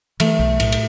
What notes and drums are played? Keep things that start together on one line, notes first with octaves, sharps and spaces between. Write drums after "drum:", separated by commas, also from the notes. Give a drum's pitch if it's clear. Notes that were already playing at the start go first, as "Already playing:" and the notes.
E3 A3, drum: cymbal
B1
A2, drum: cymbal
drum: cymbal